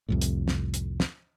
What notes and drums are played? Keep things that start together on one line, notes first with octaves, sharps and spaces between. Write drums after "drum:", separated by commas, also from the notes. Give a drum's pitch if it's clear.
C2 F2 A2
drum: hi-hat
drum: snare
drum: hi-hat
drum: snare